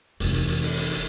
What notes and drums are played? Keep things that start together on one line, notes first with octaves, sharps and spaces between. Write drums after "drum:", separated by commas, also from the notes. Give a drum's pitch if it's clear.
F1 E3, drum: hi-hat
drum: hi-hat
drum: hi-hat
drum: open hi-hat
drum: hi-hat
drum: hi-hat